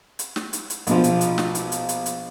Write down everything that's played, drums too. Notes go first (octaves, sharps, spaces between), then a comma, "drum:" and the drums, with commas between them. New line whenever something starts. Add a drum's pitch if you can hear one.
drum: hi-hat
drum: snare
drum: hi-hat
drum: hi-hat
A#1 B2 F3, drum: hi-hat
drum: hi-hat
drum: hi-hat
drum: snare
drum: hi-hat
drum: hi-hat
drum: hi-hat
drum: hi-hat